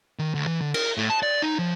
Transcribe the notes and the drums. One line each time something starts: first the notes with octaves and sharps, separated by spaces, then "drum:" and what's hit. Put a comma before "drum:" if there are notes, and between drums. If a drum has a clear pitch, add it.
D#3
D2
E3
D3
A#4, drum: cymbal
A2
A5
D5
D#4
F3